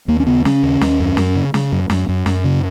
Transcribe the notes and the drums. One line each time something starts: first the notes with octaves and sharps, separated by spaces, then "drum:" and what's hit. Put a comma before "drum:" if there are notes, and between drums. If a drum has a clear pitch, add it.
D#2 A#3
C#4
C#3 B3
C#3 C#4, drum: snare
D#2
D#2, drum: snare
F#2
F#2, drum: snare
C#3
C#3, drum: snare
F#2
F#2, drum: snare
F#2
F#2, drum: snare
C#3